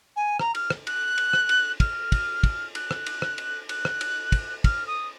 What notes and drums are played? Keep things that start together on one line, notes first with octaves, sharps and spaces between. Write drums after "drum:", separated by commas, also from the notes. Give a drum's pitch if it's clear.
G#5
A#5, drum: rim click
F6, drum: cymbal
drum: rim click
F#6, drum: cymbal
drum: cymbal
drum: rim click
drum: cymbal
F6, drum: kick, cymbal
drum: kick, cymbal
drum: kick, cymbal
F#6, drum: cymbal
drum: rim click
drum: cymbal
drum: rim click
drum: cymbal
F#6, drum: cymbal
drum: rim click
drum: cymbal
drum: kick, cymbal
F6, drum: kick, cymbal
D#6